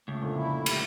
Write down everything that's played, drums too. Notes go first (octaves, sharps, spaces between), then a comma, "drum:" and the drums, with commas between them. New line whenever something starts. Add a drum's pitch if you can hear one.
C#2 A3
F2 A#2 D3
E4
G4, drum: cymbal